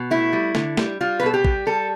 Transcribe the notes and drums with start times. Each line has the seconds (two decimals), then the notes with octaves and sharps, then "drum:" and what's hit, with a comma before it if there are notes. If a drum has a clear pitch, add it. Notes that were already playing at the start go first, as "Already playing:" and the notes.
Already playing: B2
0.11 A3 E4
0.33 G3
0.55 D3, drum: snare
0.77 G3, drum: snare
1.01 G3 F4
1.20 B4
1.23 B2 A4
1.34 G4
1.45 G3, drum: kick
1.67 G3 A4